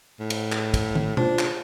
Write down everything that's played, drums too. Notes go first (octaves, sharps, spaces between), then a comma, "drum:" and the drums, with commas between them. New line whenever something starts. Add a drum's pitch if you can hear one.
A2
drum: cymbal
drum: clap
drum: kick, cymbal
drum: tom
A#3 D4 F4 C5, drum: tom
drum: clap